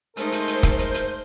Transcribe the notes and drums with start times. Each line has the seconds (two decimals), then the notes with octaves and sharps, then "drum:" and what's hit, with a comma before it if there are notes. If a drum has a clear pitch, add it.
0.17 G#3 A3 D#4 A#4 C5 G6, drum: hi-hat
0.32 drum: hi-hat
0.48 drum: hi-hat
0.63 drum: kick, hi-hat
0.79 drum: hi-hat
0.94 drum: hi-hat